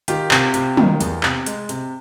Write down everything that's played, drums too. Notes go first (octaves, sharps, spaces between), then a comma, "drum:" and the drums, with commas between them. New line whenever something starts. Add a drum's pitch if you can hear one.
D#3 F4 G4, drum: hi-hat
C3, drum: clap
C3, drum: hi-hat
D#3, drum: tom
E2, drum: hi-hat
C3, drum: clap
G#3, drum: hi-hat
C3, drum: hi-hat